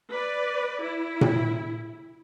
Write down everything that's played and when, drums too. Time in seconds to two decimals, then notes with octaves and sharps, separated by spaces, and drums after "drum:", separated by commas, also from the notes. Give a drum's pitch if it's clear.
0.14 B4 D5
0.85 E4
1.21 drum: tom A#2